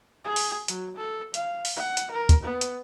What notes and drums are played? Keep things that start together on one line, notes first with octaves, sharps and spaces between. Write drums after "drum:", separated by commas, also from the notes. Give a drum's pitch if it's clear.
G#4
drum: open hi-hat
F#3, drum: hi-hat
A4
F5, drum: hi-hat
drum: open hi-hat
F#5
drum: hi-hat
A#4
drum: kick D2, hi-hat
B3
drum: hi-hat